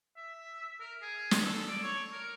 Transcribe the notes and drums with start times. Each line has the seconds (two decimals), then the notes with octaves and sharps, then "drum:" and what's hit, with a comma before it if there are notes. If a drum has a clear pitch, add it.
0.17 E5
0.80 A#4
1.02 G#4
1.31 drum: snare
1.45 A4
1.68 D5
1.83 C#5
2.13 A#4